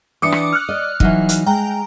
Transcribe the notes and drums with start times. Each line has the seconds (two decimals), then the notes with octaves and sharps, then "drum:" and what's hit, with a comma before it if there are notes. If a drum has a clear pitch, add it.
0.22 E3 D4 G5 D6 D#6 C#7
0.32 drum: rim click
0.53 F6 F#6
0.69 D5 D#5
1.00 E3 F#3 D#4, drum: kick
1.29 drum: hi-hat
1.46 G#3 G5 A#5